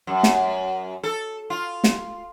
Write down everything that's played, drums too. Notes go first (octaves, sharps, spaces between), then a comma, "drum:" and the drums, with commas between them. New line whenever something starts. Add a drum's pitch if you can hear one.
F#2
drum: snare
A4
F4
drum: snare